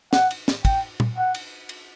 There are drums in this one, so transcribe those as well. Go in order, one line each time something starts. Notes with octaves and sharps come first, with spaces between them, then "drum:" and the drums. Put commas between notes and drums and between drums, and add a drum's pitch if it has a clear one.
F#5, drum: snare
drum: cymbal
drum: snare
G5, drum: kick, cymbal
drum: tom A#2
F#5
drum: cymbal
drum: cymbal